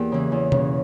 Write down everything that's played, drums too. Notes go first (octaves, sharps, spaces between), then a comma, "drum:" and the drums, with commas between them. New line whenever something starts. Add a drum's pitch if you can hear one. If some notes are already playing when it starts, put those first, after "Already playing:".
Already playing: E2 A#3 G4
C#3 E3
E2
C#3 E3, drum: tom B2